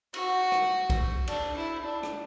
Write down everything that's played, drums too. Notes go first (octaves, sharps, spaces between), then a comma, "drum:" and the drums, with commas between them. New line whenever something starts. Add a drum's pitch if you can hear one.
F#4, drum: cymbal
drum: rim click
drum: kick, cymbal
D4, drum: cymbal
E4
D4
drum: rim click